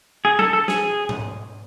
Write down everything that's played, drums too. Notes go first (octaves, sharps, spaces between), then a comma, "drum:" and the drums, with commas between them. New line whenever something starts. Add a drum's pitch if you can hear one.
G#4
A4, drum: tom F#3
A4
G#4, drum: snare
drum: tom G#2